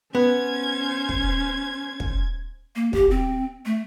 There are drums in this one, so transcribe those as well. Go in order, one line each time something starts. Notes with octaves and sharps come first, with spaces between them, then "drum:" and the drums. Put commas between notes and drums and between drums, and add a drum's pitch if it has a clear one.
B3 C#4 C5 G#6
drum: kick
drum: kick
A#3
G4, drum: kick
C4
A3